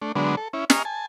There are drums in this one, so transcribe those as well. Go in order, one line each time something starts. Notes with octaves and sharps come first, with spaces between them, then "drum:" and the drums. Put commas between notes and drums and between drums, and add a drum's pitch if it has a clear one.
A3 D4
D3 F#3 G#3 B3 D4
A4
C#4 E4
D#5 G#5 A#5 C#6 F6, drum: snare
G#5 A5